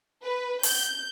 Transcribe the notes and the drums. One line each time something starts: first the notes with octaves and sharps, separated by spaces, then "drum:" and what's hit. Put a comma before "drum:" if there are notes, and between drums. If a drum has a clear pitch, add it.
B4
G6, drum: open hi-hat